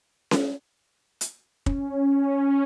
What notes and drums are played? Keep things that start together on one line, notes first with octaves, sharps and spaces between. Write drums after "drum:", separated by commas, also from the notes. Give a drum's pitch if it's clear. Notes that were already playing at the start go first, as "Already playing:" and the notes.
drum: snare C#4
drum: hi-hat
C#4, drum: kick